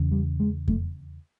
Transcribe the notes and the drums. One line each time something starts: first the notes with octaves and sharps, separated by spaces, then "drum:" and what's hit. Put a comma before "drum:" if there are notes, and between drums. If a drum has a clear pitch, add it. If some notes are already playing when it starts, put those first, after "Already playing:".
Already playing: E2 C#3
G3
G#3
A3, drum: kick F2